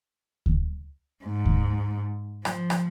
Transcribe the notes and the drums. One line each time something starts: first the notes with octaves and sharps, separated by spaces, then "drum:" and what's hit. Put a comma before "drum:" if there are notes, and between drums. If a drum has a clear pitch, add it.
drum: kick D2
G#2
drum: kick D2
F3, drum: rim click
drum: rim click